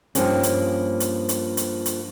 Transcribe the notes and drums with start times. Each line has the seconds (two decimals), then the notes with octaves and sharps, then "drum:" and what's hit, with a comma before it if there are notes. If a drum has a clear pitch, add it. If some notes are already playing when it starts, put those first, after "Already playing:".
0.15 G2 F3 A#3 B3 C#4, drum: hi-hat
0.43 drum: hi-hat
1.00 drum: hi-hat
1.29 drum: hi-hat
1.57 drum: hi-hat
1.86 drum: hi-hat